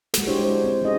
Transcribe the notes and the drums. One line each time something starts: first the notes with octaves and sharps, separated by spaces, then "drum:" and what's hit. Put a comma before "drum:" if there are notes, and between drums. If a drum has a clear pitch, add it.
G#3 F#4, drum: snare
D4 E4 G4 C5 C#5
C5
C4
C4 C#4 D#4 F#4 G#4 D#5